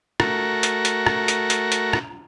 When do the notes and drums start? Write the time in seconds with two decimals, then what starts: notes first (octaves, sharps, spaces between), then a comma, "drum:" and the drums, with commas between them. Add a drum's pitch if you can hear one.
0.20 A3 F#4 A#4, drum: rim click
0.63 drum: hi-hat
0.85 drum: hi-hat
1.07 drum: rim click
1.28 drum: hi-hat
1.50 drum: hi-hat
1.72 drum: hi-hat
1.93 drum: rim click